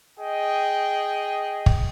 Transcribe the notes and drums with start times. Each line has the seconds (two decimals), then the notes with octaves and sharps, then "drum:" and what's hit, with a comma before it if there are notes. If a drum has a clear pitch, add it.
0.19 G#4 D#5 G5
1.66 drum: kick